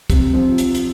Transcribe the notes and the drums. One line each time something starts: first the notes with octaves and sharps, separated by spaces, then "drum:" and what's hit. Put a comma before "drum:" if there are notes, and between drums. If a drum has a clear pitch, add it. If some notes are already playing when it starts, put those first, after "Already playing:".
C3, drum: kick, hi-hat
F3 C4
drum: hi-hat
drum: hi-hat